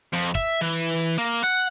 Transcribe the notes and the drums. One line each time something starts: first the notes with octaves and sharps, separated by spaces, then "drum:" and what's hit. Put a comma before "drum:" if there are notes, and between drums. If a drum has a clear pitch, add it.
F2, drum: hi-hat
E5, drum: kick, hi-hat
E3
drum: hi-hat
A#3
F#5, drum: hi-hat